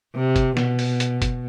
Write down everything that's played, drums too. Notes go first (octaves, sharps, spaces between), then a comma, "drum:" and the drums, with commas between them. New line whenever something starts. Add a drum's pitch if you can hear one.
C3
drum: kick, hi-hat
B2, drum: snare
drum: open hi-hat
drum: hi-hat
drum: kick, hi-hat